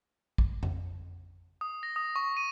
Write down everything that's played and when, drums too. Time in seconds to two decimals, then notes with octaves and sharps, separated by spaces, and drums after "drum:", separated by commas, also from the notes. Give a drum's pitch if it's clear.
0.38 drum: kick
0.63 drum: tom F2
1.61 D#6
1.83 A#6
1.96 D#6
2.16 C#6
2.37 D#7